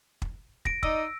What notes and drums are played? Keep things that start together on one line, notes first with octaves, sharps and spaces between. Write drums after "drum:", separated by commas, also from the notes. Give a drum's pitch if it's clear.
drum: kick
A#6 D7, drum: kick
D#4 D5 D#5 E6, drum: kick